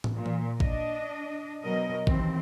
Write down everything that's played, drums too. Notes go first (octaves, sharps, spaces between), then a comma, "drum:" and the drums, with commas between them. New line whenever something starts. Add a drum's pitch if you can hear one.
drum: tom
A#2
drum: tom E3
D4 D#5, drum: kick
B2 F#3 A#4 D#5
D#2 E3 C4, drum: kick